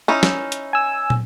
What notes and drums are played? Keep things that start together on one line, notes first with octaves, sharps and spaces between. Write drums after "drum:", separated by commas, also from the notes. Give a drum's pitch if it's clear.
C#4 D#4 E4
drum: snare
drum: hi-hat
G#5 E6
drum: tom